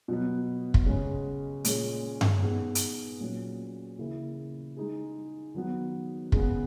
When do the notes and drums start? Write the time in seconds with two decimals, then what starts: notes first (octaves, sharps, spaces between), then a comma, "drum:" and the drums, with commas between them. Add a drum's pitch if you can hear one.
0.08 B2 F#3 B3
0.74 drum: kick
0.86 C#3 G#3 C#4
1.65 A#2 G#3 C#4 G#4, drum: hi-hat
2.21 drum: tom G2
2.43 G#3 B3 D#4 G#4
2.75 drum: hi-hat
3.20 A#2 F#3 C#4 F#4
3.99 C#3 E3 A#3 E4
4.77 G#3 D#4 G#4
5.55 D#3 F#3 B3
6.32 C#3 G#3 B3, drum: kick